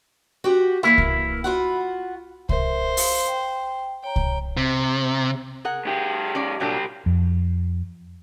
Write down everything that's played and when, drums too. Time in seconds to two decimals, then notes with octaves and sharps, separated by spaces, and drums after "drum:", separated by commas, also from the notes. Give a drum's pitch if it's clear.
0.44 F#4 G4 F#5
0.83 E3 A#3 E4 A#4
0.98 drum: kick C2
1.44 F4 F#4 F#5
2.49 A#4 C5 E5, drum: kick C2
2.97 F5, drum: open hi-hat
3.27 G5
4.04 C#5 G5 A#5
4.16 drum: kick C2
4.57 C3
5.65 G#4 A#4 F#5
5.85 G#2 G4
6.35 C#4 D5
6.60 C2 A#2 F#3 D4 G4
7.06 F2